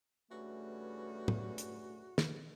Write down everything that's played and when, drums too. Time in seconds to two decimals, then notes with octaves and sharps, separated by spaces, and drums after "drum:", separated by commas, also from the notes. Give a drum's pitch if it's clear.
0.31 G2 C#3 E3 A3 F#4
1.28 drum: tom
1.58 drum: hi-hat
2.18 drum: snare